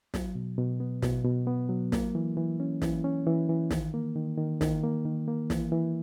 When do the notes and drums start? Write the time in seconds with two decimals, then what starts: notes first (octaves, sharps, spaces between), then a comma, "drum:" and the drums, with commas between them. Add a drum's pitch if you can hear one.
0.14 F#3, drum: snare
0.35 B2
0.58 B2
0.80 B3
1.02 B2, drum: snare
1.24 B2
1.47 B3
1.69 F#3
1.92 A#3, drum: snare
2.15 E3
2.37 E3
2.60 C#4
2.82 E3, drum: snare
3.04 C#4
3.27 E3
3.49 E3
3.71 D#3, drum: snare
3.94 A#3
4.16 D#3
4.38 D#3
4.61 D#3, drum: snare
4.83 A#3
5.05 D#3
5.27 A#3
5.50 E3, drum: snare
5.72 E3